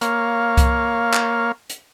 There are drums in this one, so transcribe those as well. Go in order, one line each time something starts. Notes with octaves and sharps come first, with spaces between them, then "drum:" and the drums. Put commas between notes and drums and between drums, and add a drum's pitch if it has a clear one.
A#3 C#5 F5, drum: hi-hat
drum: kick C2, hi-hat
drum: clap
drum: hi-hat